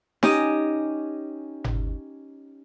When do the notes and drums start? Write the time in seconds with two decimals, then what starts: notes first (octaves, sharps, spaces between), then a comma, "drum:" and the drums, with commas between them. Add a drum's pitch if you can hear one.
0.23 C#4 D#4 G4 D#5, drum: snare D#4
1.64 drum: tom G1